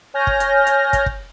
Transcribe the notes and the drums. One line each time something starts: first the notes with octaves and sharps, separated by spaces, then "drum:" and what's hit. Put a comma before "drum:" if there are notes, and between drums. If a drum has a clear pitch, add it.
C#5 G#5 F6 G6 A#6
drum: kick
drum: hi-hat
drum: hi-hat
drum: kick, hi-hat
drum: kick